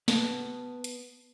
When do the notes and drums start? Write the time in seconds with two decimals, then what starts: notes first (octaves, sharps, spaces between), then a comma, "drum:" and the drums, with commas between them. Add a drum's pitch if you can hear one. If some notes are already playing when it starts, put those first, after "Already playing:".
0.08 B3 B4 A5, drum: snare
0.84 drum: hi-hat